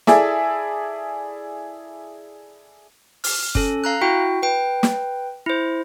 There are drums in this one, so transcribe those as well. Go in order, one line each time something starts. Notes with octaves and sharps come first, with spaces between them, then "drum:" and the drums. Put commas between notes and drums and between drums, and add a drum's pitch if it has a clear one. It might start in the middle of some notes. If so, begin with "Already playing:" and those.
E4 G#4 A4 D5 E5, drum: snare
F6, drum: open hi-hat
C#4 A4, drum: kick F#1
F5 A#5 F#6
E4 F#4 G5
B4 G5
drum: snare
E4 C5